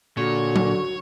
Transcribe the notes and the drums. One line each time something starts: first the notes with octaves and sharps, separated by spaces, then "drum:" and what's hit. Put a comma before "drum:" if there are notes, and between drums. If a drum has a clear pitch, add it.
A#2 D3 F#4 C#5
drum: tom F#3